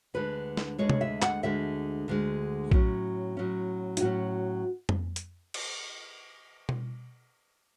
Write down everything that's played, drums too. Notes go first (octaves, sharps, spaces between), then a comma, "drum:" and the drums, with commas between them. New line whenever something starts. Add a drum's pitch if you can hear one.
D2 D3 G#3 B4
drum: snare
D2 D3 G#3 C#5
drum: tom C3
E5
F#5, drum: clap
D2 D3 G#3 E5
D2 D3 G#3
A2 F#3 C#4, drum: kick A#1
A2 F#3 C#4
E4, drum: hi-hat
A2 F#3 C#4 F#4
drum: tom F2
drum: hi-hat
drum: cymbal
drum: tom B2